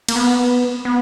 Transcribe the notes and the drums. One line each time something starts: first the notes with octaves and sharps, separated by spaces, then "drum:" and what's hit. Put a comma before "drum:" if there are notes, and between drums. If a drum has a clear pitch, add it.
A#3, drum: cymbal
B3
B3